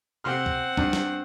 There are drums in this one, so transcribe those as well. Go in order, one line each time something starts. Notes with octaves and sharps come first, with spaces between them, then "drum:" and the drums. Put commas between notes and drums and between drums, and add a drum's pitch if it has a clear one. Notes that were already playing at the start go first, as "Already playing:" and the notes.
C3 C4 F#5 C6 F6
drum: kick
G2, drum: kick
drum: snare